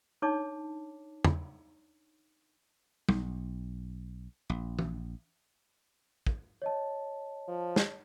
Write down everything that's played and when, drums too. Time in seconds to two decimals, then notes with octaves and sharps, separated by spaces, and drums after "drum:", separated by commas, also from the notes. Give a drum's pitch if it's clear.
0.22 D4 D#4 C#5 A5 D6
1.25 drum: tom
3.09 B1, drum: tom
4.50 A#1
4.79 drum: tom
6.26 drum: kick
6.62 C#5 D#5 A5
7.48 F3
7.76 drum: snare